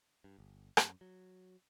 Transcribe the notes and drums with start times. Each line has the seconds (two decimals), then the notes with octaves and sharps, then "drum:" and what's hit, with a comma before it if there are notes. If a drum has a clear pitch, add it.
0.24 G2
0.38 G1
0.77 F#2, drum: rim click
1.01 F#3